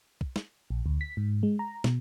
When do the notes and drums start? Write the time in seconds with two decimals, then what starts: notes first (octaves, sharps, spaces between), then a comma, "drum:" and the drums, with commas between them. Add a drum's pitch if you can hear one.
0.21 drum: kick
0.36 drum: snare
0.70 A#1
0.86 D2
1.01 B6
1.17 G#2
1.43 G#3
1.59 A#5
1.84 B2, drum: snare